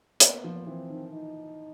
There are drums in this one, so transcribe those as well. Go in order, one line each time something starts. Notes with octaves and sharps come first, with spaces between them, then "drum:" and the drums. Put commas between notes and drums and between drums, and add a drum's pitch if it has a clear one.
A#3 B3, drum: hi-hat
F3
E3 C4
D#3
D#4